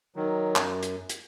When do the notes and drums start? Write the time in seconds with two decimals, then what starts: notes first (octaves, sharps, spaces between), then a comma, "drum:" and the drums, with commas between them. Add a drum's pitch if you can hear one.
0.16 D#3 F#3
0.56 F#2, drum: clap
0.83 drum: hi-hat
1.09 drum: hi-hat